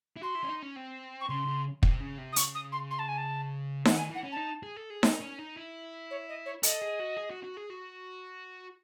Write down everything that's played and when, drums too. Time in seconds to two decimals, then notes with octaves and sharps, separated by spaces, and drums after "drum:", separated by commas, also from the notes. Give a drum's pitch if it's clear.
0.17 E4
0.22 F#4 C6
0.36 E4
0.44 C#4
0.49 D#4
0.62 C#4
0.76 C4
1.20 C#6
1.29 C#3 C6
1.47 C#3
1.83 C3, drum: kick
2.00 C#3
2.18 C3
2.32 D#6
2.36 C#3 C#6, drum: hi-hat
2.54 D#6
2.72 C6
2.90 C6
2.98 A5
3.08 G#5
3.17 A5
3.85 E3 F#5, drum: snare D#4
3.96 D#3 G#5
4.10 E3 F#5
4.23 C#4
4.31 A5
4.37 D#4
4.63 G#4
4.77 A4
4.90 G#4
5.03 D#4, drum: snare D#4
5.20 C#4
5.39 D#4
5.56 E4
6.10 C#5
6.28 D#5
6.45 C#5
6.63 A4 D#5, drum: hi-hat
6.81 G#4
6.99 F#4
7.17 G#4
7.30 F#4
7.44 F#4
7.57 G#4
7.70 F#4